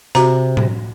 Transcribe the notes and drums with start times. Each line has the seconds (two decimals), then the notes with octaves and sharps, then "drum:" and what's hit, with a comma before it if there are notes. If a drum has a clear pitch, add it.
0.15 C3 F#4 A#5, drum: hi-hat
0.57 drum: tom A2